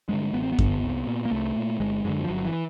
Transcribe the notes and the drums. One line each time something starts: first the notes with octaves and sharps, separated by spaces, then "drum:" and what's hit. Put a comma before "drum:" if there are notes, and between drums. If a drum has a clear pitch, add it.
G2 D3 G#3
A1 B3
C4
B3
G2 D3, drum: kick F#2
C2
A#2
A#3
C2 A3
A#2
G1 G#3
F#2 D3 G#3
F3
G1 F#3
E3